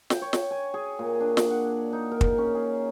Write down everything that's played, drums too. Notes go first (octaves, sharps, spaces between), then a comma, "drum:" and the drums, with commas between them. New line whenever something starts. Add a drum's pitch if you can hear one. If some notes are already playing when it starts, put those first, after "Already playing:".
G5, drum: snare
C#5
drum: snare
G#5
G#4
A#2
D4
D5, drum: snare
F#5
D#4
A#4
drum: kick
C#4
G#4